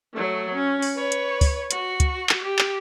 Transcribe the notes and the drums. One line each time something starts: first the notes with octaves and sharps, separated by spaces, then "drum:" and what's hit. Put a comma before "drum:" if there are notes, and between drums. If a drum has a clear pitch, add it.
F#3 A3
C#4
drum: open hi-hat
B4 C#5
drum: hi-hat
drum: kick, open hi-hat
F#4, drum: hi-hat
drum: kick, hi-hat
drum: clap
G4
drum: clap